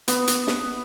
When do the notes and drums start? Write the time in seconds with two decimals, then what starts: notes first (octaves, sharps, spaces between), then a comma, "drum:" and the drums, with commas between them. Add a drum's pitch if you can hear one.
0.08 B3, drum: hi-hat
0.27 drum: hi-hat
0.47 drum: snare